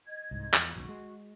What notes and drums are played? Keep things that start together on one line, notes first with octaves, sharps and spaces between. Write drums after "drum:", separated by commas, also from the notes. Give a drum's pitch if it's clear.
D#5 G#6
C2 G#2
E2 F3, drum: clap
D#1 B1 B2 F#4
G#3